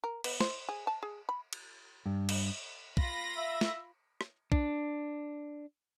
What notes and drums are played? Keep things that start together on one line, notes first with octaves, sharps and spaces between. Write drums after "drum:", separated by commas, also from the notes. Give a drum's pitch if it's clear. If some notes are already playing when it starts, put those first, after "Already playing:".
A#4
B3, drum: cymbal
C5, drum: snare
G#4
A5
G#4
B5
drum: cymbal
G2
drum: cymbal
F4 B5 A#6, drum: kick
E5
drum: snare
drum: rim click
D4, drum: kick